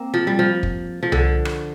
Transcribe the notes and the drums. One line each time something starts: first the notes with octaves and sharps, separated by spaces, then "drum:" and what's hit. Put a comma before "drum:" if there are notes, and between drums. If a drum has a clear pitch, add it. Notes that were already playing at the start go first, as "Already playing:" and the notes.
Already playing: A#3 C4
F3
G3
F3
drum: kick
F3
D3, drum: tom C2
drum: rim click